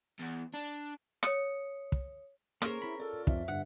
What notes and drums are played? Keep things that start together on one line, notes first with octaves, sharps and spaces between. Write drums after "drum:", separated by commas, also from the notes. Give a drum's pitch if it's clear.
E2
D4
C#5 D#6 C#7, drum: rim click
drum: kick
A#3 C#4 G#4 A#4 C5 C6, drum: rim click
C4 E4 B5
F4 A4 D5
F2 E5, drum: kick
G1 G2 F#5